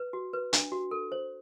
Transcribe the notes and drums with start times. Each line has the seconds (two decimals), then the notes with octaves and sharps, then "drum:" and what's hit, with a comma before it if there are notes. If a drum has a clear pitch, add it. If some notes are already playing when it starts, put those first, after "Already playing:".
Already playing: B4
0.13 F#4
0.33 B4
0.53 D4, drum: hi-hat
0.72 F#4
0.91 A4
1.12 C5